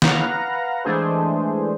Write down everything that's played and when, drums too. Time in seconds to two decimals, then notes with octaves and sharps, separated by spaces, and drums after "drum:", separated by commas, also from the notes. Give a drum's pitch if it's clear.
0.02 B4 F5 F#5 A#5, drum: snare
0.84 E3 G#3 A3 D4 G#4 C5